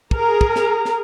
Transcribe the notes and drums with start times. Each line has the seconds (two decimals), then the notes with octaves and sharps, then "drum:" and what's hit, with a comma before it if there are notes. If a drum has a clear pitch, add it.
0.11 G#4 A#4 A#5, drum: kick
0.41 drum: kick
0.56 drum: snare
0.85 drum: snare